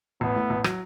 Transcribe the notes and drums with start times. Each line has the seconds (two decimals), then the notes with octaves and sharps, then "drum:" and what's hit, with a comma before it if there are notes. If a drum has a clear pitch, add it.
0.21 A1 B3
0.36 A2
0.50 A1
0.64 F#3, drum: rim click